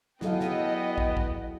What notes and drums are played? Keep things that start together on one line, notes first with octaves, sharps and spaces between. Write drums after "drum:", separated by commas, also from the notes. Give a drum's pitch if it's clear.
F#3 B3 E4 G#4 A4 D#5 F5 G5, drum: snare
drum: snare
drum: kick
drum: kick